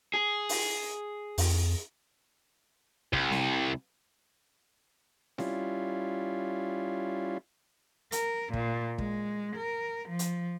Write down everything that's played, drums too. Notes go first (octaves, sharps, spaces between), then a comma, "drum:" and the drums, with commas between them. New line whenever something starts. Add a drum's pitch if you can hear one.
G#4
drum: open hi-hat
F2, drum: open hi-hat
C2, drum: kick
drum: snare C4
G3 C#4 E4 F4, drum: snare C4
A#4, drum: hi-hat
A#2, drum: kick
G#3, drum: kick
A#4
F3
drum: hi-hat